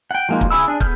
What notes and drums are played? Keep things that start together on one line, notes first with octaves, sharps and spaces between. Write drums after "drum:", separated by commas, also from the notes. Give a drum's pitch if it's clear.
F#5 G5
F3 G#3 A#3 D#4 F#4
drum: kick
C#3 E4 G#4 B5 E6
D4 G#4
B3 G#4 A4 F6 G6, drum: kick